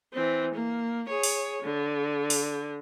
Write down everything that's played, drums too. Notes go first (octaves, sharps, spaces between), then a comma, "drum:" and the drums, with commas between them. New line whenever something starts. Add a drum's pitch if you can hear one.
E3 C4
A#3
G#4 C#5
drum: open hi-hat
D3
drum: open hi-hat